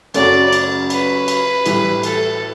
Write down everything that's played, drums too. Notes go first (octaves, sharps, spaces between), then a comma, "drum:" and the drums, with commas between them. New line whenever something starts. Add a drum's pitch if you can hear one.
F#2 C#3 F#3 A3 C#4 D5, drum: cymbal
drum: cymbal
B4, drum: cymbal
drum: cymbal
A2 E3 G3, drum: cymbal
A4, drum: cymbal